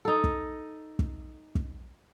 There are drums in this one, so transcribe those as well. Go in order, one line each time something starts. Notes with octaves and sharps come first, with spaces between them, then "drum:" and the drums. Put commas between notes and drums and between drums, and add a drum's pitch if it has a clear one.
D#4 A4
drum: kick
drum: kick
drum: kick